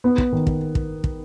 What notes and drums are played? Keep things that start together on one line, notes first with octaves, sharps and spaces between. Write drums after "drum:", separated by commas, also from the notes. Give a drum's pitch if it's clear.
B3
drum: kick
D#3
drum: kick
drum: kick
drum: kick